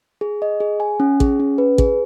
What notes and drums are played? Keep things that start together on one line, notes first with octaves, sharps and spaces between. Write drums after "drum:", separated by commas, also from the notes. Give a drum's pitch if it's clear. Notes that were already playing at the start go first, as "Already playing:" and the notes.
G#4
D#5
G#4
G#5
C#4
G#4, drum: kick
C#4
B4
G#4, drum: kick